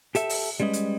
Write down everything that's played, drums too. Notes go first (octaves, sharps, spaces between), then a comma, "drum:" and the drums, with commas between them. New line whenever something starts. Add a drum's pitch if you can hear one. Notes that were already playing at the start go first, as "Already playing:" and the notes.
G4 A4 E5, drum: hi-hat
drum: open hi-hat
G3 G#3 C#4 B4 D#5
drum: hi-hat